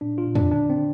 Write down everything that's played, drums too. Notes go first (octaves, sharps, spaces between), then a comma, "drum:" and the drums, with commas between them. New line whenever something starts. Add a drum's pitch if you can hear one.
A#2 D4
F4
A#2
D4, drum: tom
D3 D4
C4
D3